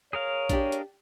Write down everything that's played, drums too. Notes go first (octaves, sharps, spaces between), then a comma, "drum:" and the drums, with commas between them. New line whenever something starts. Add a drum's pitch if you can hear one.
G#4 A#4 C#5 F5
D4 G4, drum: kick A#1, hi-hat
drum: hi-hat